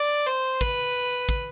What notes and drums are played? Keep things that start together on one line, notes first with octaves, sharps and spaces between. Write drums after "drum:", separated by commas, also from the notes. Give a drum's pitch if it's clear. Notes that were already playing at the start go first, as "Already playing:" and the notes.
Already playing: D5
C5, drum: hi-hat
B4, drum: kick, hi-hat
drum: hi-hat
drum: kick, hi-hat